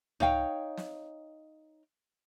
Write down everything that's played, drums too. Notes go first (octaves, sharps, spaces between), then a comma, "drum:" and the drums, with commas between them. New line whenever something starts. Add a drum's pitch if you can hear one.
D#4 C#5 F5 G5, drum: tom
drum: snare